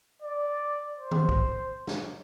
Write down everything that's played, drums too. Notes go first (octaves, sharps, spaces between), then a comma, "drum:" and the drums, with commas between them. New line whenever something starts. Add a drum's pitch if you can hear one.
D5
C5
drum: tom D#3
drum: kick
drum: snare